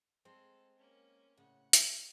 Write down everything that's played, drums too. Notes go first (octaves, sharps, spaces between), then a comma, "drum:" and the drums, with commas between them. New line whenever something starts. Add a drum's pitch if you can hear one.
G#3 C4 A4
A#3 C#4
A2 C#3 F#5
drum: hi-hat